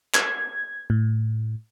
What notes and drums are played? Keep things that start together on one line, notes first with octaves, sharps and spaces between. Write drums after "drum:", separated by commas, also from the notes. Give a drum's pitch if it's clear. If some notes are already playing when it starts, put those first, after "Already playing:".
G#6, drum: clap
A2